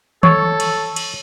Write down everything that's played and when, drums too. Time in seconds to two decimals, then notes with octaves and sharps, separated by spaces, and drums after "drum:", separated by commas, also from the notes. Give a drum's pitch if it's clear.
0.23 A4 C#5 C#6, drum: tom D#3
0.60 drum: cymbal
0.96 drum: cymbal